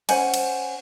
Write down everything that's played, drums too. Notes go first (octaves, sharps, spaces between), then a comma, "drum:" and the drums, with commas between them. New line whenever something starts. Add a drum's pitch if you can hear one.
C#4 C5 F#5 G#5, drum: cymbal
drum: cymbal